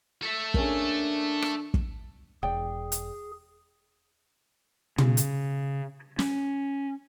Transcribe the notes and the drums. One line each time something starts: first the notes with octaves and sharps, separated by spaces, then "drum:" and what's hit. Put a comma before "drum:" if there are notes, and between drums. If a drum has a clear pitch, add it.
A4 E5
D3 A#3 C#4 G#4, drum: kick
drum: rim click
drum: kick
E1 G#4 D5 G5
drum: hi-hat
C#3, drum: tom
drum: hi-hat
C#4, drum: snare